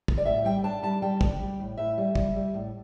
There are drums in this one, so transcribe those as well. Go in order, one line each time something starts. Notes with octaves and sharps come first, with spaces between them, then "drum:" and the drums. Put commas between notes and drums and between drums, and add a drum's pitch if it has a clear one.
drum: kick
D5
A2 E5
G3 G5
D4 A5
G3 A5
G3 G5
D4, drum: kick
G3
A2
A2 E5
G3
G3, drum: kick
G3
A2